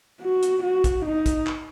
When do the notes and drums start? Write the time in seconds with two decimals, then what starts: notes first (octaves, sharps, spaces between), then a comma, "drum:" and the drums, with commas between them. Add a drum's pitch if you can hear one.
0.22 F#4
0.43 drum: hi-hat
0.63 F#4
0.84 drum: kick, hi-hat
1.05 D#4
1.26 drum: kick, hi-hat
1.47 drum: clap